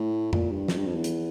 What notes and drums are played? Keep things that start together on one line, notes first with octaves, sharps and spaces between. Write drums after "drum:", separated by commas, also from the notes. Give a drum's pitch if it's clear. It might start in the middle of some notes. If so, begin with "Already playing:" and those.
Already playing: A2
A#2, drum: tom F2
G2
F2, drum: snare
G2
F2
E2
drum: hi-hat